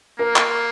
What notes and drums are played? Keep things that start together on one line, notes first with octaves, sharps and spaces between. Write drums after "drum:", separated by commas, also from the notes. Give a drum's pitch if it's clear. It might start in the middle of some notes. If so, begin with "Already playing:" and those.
A#3 A#4
drum: clap